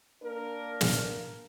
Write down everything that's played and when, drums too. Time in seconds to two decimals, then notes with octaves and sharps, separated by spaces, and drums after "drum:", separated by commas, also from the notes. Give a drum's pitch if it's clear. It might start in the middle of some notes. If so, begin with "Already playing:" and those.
0.23 A#3 D4 A#4
0.81 drum: snare